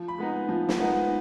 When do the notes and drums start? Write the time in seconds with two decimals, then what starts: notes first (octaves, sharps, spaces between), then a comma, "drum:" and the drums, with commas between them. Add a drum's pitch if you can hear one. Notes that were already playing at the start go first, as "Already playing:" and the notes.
Already playing: F3
0.08 B5
0.18 G#3 B3 D#4
0.49 F3
0.69 drum: snare
0.78 G#3 B3 D#4